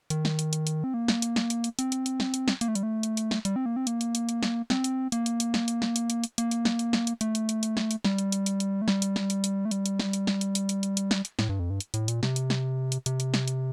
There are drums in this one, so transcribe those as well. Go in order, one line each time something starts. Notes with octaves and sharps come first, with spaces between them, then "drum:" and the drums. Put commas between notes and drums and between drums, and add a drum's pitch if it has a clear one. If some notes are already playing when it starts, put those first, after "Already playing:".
D#3, drum: hi-hat
drum: snare
drum: hi-hat
drum: hi-hat
drum: hi-hat
C4
A#3
drum: snare
drum: hi-hat
drum: snare
drum: hi-hat
drum: hi-hat
C4, drum: hi-hat
drum: hi-hat
drum: hi-hat
drum: snare
drum: hi-hat
drum: snare
A#3, drum: hi-hat
A3
G3, drum: hi-hat
A3
drum: hi-hat
drum: hi-hat
drum: snare
G3, drum: hi-hat
C4
A#3
C4
A#3, drum: hi-hat
drum: hi-hat
drum: hi-hat
drum: hi-hat
drum: snare
C4, drum: snare
drum: hi-hat
A#3, drum: hi-hat
drum: hi-hat
drum: hi-hat
drum: snare
drum: hi-hat
drum: snare
drum: hi-hat
drum: hi-hat
drum: hi-hat
A#3, drum: hi-hat
drum: hi-hat
drum: snare
drum: hi-hat
drum: snare
drum: hi-hat
A3, drum: hi-hat
drum: hi-hat
drum: hi-hat
drum: hi-hat
drum: snare
drum: hi-hat
G3, drum: snare
drum: hi-hat
drum: hi-hat
drum: hi-hat
drum: hi-hat
A3
G3, drum: snare
drum: hi-hat
drum: snare
drum: hi-hat
drum: hi-hat
A3
G3, drum: hi-hat
drum: hi-hat
drum: snare
drum: hi-hat
drum: snare
drum: hi-hat
drum: hi-hat
drum: hi-hat
drum: hi-hat
drum: hi-hat
drum: snare
drum: hi-hat
A2, drum: snare
G2
F2
G2
drum: hi-hat
A2, drum: hi-hat
A#2, drum: hi-hat
C3, drum: snare
drum: hi-hat
drum: snare
drum: hi-hat
C3, drum: hi-hat
drum: hi-hat
drum: snare
drum: hi-hat